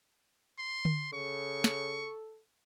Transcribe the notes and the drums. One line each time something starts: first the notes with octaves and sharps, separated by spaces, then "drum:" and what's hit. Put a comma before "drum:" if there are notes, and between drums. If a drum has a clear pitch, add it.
C6
drum: tom D3
C#3 A4 C#6
drum: snare